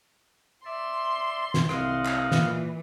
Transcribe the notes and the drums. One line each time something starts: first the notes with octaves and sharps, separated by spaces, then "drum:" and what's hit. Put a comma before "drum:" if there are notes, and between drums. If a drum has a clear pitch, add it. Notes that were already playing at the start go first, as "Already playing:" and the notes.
D5 E5 C6
drum: snare
C2 D#5 F5 F#5, drum: rim click
drum: clap
A#2 E3, drum: snare